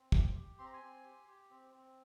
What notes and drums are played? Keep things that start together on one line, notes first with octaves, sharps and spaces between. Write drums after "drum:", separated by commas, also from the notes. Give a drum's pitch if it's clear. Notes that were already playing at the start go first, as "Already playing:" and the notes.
Already playing: C4
G4, drum: kick
G4
C4 C6
A#5
G#5 C6
C4
G4
G4
C4
C4